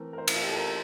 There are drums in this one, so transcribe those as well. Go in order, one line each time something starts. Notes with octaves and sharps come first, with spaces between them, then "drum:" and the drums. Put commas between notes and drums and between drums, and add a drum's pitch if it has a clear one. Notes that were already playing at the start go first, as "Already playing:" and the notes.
Already playing: E3 A3 C4 A#4
A#4
C5
E4, drum: cymbal
F4
G4
A4
A#4